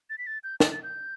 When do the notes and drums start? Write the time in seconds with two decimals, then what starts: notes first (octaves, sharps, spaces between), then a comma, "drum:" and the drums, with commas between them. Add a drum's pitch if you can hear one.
0.10 A6
0.18 B6
0.27 A6
0.44 G6
0.60 A6, drum: snare
0.72 A6
0.83 G6